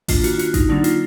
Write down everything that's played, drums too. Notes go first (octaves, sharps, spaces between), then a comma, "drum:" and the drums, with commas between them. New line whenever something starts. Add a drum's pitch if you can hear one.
D#3 A#3 D4 F4, drum: kick A1, open hi-hat
F#4, drum: hi-hat
F4
F#4, drum: hi-hat
D#4, drum: kick A1, hi-hat
D3 F#3 A#3 D4 D#4
F4, drum: hi-hat